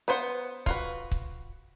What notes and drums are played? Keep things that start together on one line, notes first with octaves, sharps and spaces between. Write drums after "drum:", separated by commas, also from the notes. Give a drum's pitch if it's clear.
B3 B4 C5 F#5
F4 F#4 B4, drum: kick C#1
drum: kick C#1